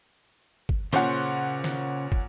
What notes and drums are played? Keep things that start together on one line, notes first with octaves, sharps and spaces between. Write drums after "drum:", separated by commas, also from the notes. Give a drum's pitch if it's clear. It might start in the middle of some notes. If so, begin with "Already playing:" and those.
drum: kick
A#2 C#3 C#4 C5 F#5 C#6, drum: snare
drum: snare
drum: kick